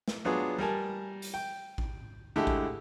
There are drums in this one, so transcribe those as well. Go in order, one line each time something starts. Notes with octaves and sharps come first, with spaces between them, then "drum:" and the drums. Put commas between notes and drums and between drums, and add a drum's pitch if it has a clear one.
drum: snare A3
F#3 B3 D4 F4 G#4
G3 A#4 G#5 A5
drum: hi-hat
G5
drum: kick A1
D3 G#3 A3 E4 G4
drum: kick A1